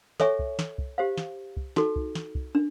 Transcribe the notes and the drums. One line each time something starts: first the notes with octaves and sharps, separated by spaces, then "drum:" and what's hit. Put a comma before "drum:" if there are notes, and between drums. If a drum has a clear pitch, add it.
A4 C#5 E5 G#5 C#6, drum: snare
drum: kick
drum: snare
drum: kick
G4 C5 F5
drum: snare
drum: kick
D#4 F#4 A4, drum: snare
drum: kick
drum: snare
drum: kick
D4